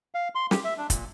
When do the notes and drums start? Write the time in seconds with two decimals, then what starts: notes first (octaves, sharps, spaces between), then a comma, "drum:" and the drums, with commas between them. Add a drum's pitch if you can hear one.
0.14 F5
0.35 C6
0.51 G4, drum: snare
0.64 E5
0.78 D4
0.90 A#2, drum: kick, hi-hat